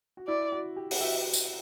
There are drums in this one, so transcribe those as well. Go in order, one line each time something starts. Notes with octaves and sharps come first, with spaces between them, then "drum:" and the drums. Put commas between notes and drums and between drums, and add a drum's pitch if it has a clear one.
F#4
E4 D5
F#4
G4
G4, drum: open hi-hat
F#4 E5
drum: tambourine